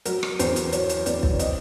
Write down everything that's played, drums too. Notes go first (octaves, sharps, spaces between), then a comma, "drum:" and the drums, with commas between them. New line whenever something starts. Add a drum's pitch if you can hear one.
F#3 A#4, drum: hi-hat
drum: rim click
E2 C5, drum: hi-hat
drum: hi-hat
F#3 C#5, drum: hi-hat
drum: hi-hat
E2 D5, drum: hi-hat
drum: kick
C4 D#5, drum: hi-hat